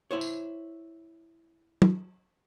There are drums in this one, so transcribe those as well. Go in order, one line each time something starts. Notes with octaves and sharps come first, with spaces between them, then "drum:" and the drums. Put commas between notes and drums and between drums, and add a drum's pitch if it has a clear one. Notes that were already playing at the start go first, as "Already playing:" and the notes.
E4 C5 C#5
drum: tambourine
drum: tom